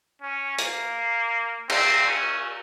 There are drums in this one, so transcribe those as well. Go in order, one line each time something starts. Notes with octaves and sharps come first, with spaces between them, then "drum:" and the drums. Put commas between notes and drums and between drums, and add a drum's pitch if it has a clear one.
C#4
A#3, drum: hi-hat
C4, drum: cymbal
C#4